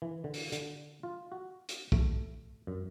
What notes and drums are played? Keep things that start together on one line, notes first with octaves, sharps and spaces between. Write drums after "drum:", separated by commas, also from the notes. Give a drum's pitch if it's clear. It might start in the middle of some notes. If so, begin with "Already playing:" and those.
E3
D3
drum: open hi-hat
D3, drum: hi-hat
F4
F#4
drum: hi-hat
A3, drum: kick
F#2